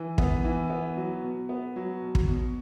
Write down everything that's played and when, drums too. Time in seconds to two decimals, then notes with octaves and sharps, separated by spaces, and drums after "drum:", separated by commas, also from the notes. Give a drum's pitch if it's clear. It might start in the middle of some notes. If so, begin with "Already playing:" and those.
Already playing: E3
0.18 B3, drum: kick
0.44 E3
0.70 B3
0.97 F#3
1.23 B2
1.49 B3
1.76 F#3
2.02 B2
2.15 drum: kick
2.28 B2